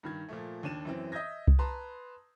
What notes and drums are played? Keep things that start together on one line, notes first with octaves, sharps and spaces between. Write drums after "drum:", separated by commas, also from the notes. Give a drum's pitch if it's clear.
G2 D#3 G#6
A#2 F3 A3
D#2 D4 D#7 E7
F#2 E3 C4
D#5 E5 D#6 G6 G#6 A#6
drum: kick C2
B4 A5 A#5 C6